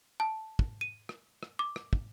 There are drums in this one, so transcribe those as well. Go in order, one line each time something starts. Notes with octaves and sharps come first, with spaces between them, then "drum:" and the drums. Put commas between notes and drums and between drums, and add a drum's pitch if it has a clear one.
A5
drum: kick
D#7
drum: rim click
drum: rim click
D6
drum: rim click
drum: kick